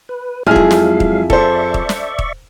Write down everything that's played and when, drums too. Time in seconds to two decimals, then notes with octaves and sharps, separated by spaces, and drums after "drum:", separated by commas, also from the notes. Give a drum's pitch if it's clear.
0.09 B4
0.47 F2 F#3 G#3 E4 G#4 F5 G#5 F6
0.56 drum: kick D#1
0.71 drum: snare
1.00 drum: kick D#1
1.30 A4 C5 D5 E5 C#6, drum: kick D#1
1.74 drum: kick D#1
1.89 drum: snare
2.19 drum: kick D#1